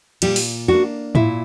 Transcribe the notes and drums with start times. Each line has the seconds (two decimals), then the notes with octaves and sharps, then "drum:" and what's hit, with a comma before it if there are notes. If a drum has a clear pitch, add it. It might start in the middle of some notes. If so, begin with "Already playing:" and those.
0.22 A#2 G3 G4, drum: cymbal
0.36 drum: open hi-hat
0.68 A#3 D4 F#4
1.15 A#2 E4, drum: tom G#2